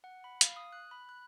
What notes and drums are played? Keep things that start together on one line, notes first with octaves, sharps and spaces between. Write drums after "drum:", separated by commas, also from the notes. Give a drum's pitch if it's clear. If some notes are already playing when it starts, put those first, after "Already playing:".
F#5
B5
F5, drum: hi-hat
D#6
F#6
B5
F#6